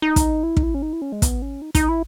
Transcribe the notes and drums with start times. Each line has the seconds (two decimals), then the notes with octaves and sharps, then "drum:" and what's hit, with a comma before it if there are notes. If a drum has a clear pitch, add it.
0.02 D#4
0.16 drum: kick, hi-hat
0.43 E4
0.57 D#4, drum: kick
0.63 E4
0.74 C#4
0.82 D#4
0.93 E4
1.02 C#4
1.12 G#3
1.22 B3, drum: kick, hi-hat
1.42 C#4
1.62 D#4
1.75 D#4, drum: kick, hi-hat
1.89 E4